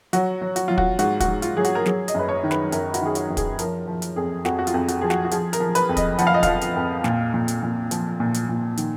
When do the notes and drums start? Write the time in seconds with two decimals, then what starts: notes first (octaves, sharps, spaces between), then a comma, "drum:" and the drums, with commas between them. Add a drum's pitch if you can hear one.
0.13 F#3 F#4, drum: hi-hat
0.42 F#3
0.56 F#4, drum: hi-hat
0.68 F#3 F4
0.78 F#4, drum: kick
0.99 G#2 F#4, drum: hi-hat
1.20 F#4, drum: kick, hi-hat
1.28 G#2
1.42 F4, drum: hi-hat
1.57 F#3 G#4
1.64 F#4, drum: hi-hat
1.75 A#4
1.86 F#3 G#4, drum: snare
2.08 D#5, drum: hi-hat
2.14 F#2 B4
2.29 C#5
2.43 D#3
2.51 B4, drum: snare
2.72 F#2 A#4, drum: hi-hat
2.94 F#4, drum: hi-hat
3.01 D#3 G#4
3.15 F#4, drum: hi-hat
3.30 F#2
3.37 G#4, drum: kick, hi-hat
3.59 F3 A#4, drum: hi-hat
3.87 F3
4.02 drum: hi-hat
4.16 F2 G#4
4.45 F2 F#4, drum: snare
4.59 F#4
4.67 F4, drum: hi-hat
4.74 F2
4.88 F#4, drum: hi-hat
5.01 F3 G#4
5.10 F#4, drum: snare
5.25 F#4
5.31 F3 G#4, drum: hi-hat
5.53 A#4, drum: hi-hat
5.60 F3
5.75 B4, drum: hi-hat
5.89 F2
5.97 D#5, drum: kick, hi-hat
6.18 F3 F#5, drum: hi-hat
6.27 F5
6.34 D#5
6.43 F3 F5, drum: kick, hi-hat
6.61 drum: hi-hat
6.76 F2
7.04 A#2, drum: snare
7.34 A#2
7.48 drum: hi-hat
7.63 A#2
7.91 F3, drum: hi-hat
8.20 A#2
8.34 drum: hi-hat
8.49 A#2
8.77 D#3, drum: hi-hat